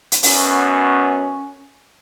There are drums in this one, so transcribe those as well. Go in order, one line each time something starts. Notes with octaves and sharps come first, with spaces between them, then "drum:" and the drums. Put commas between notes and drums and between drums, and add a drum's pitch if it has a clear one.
drum: hi-hat
F#2 B2 B3 C#4, drum: open hi-hat